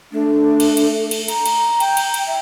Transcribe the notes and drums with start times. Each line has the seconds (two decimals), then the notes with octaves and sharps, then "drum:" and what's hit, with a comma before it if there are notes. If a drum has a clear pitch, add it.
0.12 A3 D4
0.60 drum: cymbal
0.77 drum: cymbal
1.11 drum: cymbal
1.28 A#5, drum: cymbal
1.46 drum: cymbal
1.80 G5, drum: cymbal
1.97 drum: cymbal
2.14 drum: cymbal
2.27 E5